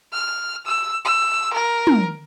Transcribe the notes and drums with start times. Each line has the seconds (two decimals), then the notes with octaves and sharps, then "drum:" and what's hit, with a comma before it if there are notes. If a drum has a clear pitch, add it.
0.13 F6
0.66 E6
1.05 E6
1.54 A#4
1.87 drum: tom